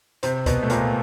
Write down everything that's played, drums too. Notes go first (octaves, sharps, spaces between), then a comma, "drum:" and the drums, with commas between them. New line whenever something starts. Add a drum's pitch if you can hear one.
C3 C4, drum: hi-hat
B2 B3, drum: kick C#2, hi-hat
A3
A#2 A#3, drum: hi-hat